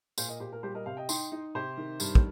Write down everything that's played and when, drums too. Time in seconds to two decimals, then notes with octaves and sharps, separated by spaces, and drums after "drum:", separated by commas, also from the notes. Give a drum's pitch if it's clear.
0.18 A#2 C5 F5, drum: tambourine
0.28 A#4 D#5
0.40 A#2 G4 C5
0.52 A#4
0.63 G3 G4 C5
0.75 A#4 D#5
0.86 C3 C5 F5
0.97 D#5 G5
1.09 D#4 G5 C6, drum: tambourine
1.32 D#4
1.55 C3 G4 C5
1.77 D#3
2.00 G2, drum: tambourine
2.15 drum: kick